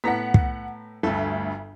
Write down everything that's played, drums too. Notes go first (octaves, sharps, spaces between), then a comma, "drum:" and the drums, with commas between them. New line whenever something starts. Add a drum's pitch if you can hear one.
A2 B3 F#5 A#5 B6
drum: kick
G1 D2 A4